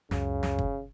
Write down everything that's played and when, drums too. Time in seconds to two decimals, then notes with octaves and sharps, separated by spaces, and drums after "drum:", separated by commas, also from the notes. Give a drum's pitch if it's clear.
0.11 C#2 F#2 C#3, drum: snare
0.43 drum: snare
0.59 drum: kick